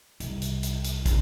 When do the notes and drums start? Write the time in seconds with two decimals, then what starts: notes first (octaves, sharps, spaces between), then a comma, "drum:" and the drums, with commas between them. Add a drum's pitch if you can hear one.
0.20 C2, drum: hi-hat
0.42 drum: hi-hat
0.63 drum: hi-hat
0.84 drum: hi-hat
1.06 drum: kick, hi-hat